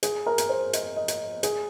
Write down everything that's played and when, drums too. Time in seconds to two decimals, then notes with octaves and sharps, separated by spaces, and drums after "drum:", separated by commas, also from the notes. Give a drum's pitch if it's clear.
0.03 G#4, drum: hi-hat
0.26 A#4
0.38 drum: hi-hat
0.49 C5
0.73 D#5, drum: hi-hat
0.96 D#5
1.08 drum: hi-hat
1.43 G#4, drum: hi-hat